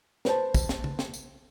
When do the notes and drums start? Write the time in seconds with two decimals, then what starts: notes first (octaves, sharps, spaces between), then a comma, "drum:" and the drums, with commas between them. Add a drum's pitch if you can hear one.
0.25 B4 C5 A5, drum: snare
0.55 drum: kick, tambourine
0.69 drum: snare
0.84 drum: tom C#3
0.99 drum: snare
1.14 drum: tambourine